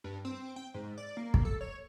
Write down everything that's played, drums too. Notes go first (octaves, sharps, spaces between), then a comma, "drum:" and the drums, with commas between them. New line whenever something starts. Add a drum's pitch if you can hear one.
G2
C4
G5
G#2
D5
A#3
drum: kick
A4
C#5